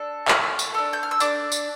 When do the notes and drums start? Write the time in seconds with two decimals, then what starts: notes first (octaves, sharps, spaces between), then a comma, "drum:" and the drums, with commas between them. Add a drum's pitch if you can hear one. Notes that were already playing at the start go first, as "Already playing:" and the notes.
Already playing: D4 A4
0.28 A3 F6, drum: clap
0.59 drum: tambourine
0.74 D4 A4
0.93 G6
1.03 F6
1.11 E6
1.20 D4 D6, drum: tambourine
1.52 drum: tambourine